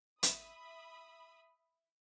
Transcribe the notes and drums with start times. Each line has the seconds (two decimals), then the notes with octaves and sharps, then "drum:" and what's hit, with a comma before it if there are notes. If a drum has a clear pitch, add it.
0.23 E5 B5 D#6, drum: hi-hat